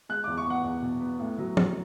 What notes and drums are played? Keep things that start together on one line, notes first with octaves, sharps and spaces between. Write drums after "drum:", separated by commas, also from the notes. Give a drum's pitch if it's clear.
G#3 F#6
E2 D6
C#6
B3 F#5
E2
B2
B3
A2
F#3
A2, drum: tom